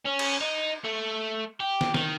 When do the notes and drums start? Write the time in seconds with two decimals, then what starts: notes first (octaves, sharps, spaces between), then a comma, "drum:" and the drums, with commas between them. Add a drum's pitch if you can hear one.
0.06 C#4
0.19 drum: cymbal
0.41 D#4
0.84 A3
1.60 G4
1.81 drum: snare
1.94 D#3, drum: snare